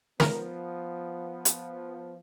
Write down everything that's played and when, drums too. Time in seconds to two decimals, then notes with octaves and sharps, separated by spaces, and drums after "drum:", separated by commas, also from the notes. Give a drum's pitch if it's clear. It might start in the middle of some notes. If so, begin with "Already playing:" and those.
0.20 F3 B3 A#4, drum: snare
1.45 drum: hi-hat